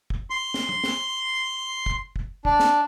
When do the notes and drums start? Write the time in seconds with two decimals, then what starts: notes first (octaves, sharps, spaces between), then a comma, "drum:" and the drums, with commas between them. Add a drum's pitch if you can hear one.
0.10 drum: kick
0.30 C6
0.54 drum: snare
0.69 drum: tom
0.84 drum: snare
1.86 drum: kick
2.16 drum: kick
2.45 D4, drum: kick
2.60 drum: snare